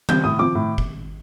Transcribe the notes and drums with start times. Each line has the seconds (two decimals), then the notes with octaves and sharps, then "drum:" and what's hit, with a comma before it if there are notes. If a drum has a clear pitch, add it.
0.09 G3 C4 G6, drum: tom D#3
0.24 A2 D#6
0.39 F3 C4 D6
0.55 A2
0.78 drum: kick